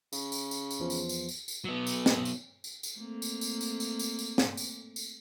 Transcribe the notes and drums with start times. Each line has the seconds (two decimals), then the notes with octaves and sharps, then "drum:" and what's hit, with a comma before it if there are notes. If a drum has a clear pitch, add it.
0.13 C#3, drum: tambourine
0.32 drum: tambourine
0.51 drum: tambourine
0.71 drum: tambourine
0.80 E2 F3
0.90 drum: tambourine
1.09 drum: tambourine
1.29 drum: tambourine
1.48 drum: tambourine
1.64 F#3 B3
1.87 drum: tambourine
2.06 drum: snare
2.25 drum: tambourine
2.64 drum: tambourine
2.83 drum: tambourine
2.97 A3 A#3 C4
3.22 drum: tambourine
3.41 drum: tambourine
3.61 drum: tambourine
3.80 drum: tambourine
3.99 drum: tambourine
4.19 drum: tambourine
4.38 drum: snare
4.57 drum: tambourine
4.96 drum: tambourine